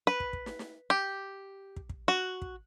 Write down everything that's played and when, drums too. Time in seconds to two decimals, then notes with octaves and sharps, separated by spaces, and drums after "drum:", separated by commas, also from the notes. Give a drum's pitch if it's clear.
0.07 B4
0.20 drum: kick
0.33 drum: kick
0.46 drum: snare
0.59 drum: snare
0.90 G4
1.76 drum: kick
1.90 drum: kick
2.08 F#4
2.42 drum: kick